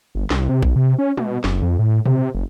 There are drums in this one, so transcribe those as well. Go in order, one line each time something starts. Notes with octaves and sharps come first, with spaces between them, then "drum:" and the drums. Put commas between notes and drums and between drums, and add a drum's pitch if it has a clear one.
G1
C2, drum: snare
C3
B1, drum: kick
C3
C#4
B2, drum: tom
F#1, drum: snare
F2
A2
C3, drum: tom A#2
F#1